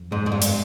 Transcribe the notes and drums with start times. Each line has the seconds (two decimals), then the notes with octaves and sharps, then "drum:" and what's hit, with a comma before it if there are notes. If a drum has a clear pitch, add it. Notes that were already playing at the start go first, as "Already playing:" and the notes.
Already playing: F2
0.12 G#2 G#3
0.26 G#2
0.32 G2
0.42 drum: hi-hat